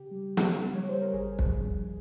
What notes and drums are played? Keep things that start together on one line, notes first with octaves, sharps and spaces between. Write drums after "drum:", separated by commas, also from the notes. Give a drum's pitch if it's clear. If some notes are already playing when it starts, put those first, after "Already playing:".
Already playing: C#3 G4
G3
A#3, drum: snare
G3
C#5
G3 C5
A#4
G#1 G#4
F3, drum: kick
G2